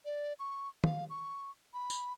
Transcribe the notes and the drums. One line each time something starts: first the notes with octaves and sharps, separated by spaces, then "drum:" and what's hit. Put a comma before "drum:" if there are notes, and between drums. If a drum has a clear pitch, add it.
D5
C#6
F5, drum: tom
C#6
B5
drum: tambourine